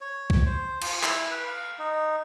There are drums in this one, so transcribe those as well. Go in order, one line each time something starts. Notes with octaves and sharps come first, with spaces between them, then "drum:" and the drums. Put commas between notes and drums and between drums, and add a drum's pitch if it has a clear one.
C#5
drum: kick C2
C5
F4, drum: cymbal
E4, drum: clap
B4
F5
D#4